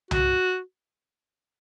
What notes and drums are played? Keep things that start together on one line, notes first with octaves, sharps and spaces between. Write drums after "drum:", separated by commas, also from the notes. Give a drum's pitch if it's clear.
F#4, drum: tom C2